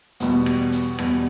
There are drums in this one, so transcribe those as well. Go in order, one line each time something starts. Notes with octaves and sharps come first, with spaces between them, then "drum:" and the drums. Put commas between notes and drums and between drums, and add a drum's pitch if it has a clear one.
E2 B2 G3, drum: hi-hat
drum: rim click
drum: hi-hat
E2 B2 G3, drum: rim click